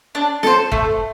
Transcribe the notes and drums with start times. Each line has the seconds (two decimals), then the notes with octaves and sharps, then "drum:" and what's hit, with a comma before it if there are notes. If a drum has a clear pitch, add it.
0.15 D4
0.43 A4 C5, drum: snare
0.72 A3, drum: kick